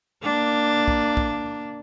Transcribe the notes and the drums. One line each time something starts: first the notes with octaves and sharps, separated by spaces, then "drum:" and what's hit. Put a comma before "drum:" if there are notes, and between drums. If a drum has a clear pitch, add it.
A#3 D4
drum: kick
drum: kick